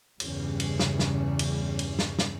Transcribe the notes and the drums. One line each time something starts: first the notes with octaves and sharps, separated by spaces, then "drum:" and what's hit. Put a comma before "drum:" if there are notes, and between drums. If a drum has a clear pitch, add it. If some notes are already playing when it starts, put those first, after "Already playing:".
E2 G2 C#3 G3 C#4, drum: cymbal
drum: cymbal
drum: snare
drum: snare
drum: cymbal
drum: cymbal
drum: snare
drum: snare